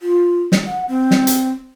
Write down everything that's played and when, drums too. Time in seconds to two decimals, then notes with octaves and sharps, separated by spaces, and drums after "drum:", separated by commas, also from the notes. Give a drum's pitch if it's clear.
0.01 F4
0.52 drum: snare
0.67 F#5
0.88 C4
1.11 drum: snare
1.27 drum: hi-hat